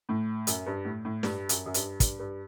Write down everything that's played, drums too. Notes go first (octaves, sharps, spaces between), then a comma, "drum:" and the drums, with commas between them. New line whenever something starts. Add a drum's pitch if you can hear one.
A2
F#2, drum: hi-hat
G2
A2
A2
G2, drum: snare
F#2, drum: hi-hat
F#2
G2, drum: hi-hat
G2, drum: kick, hi-hat
G2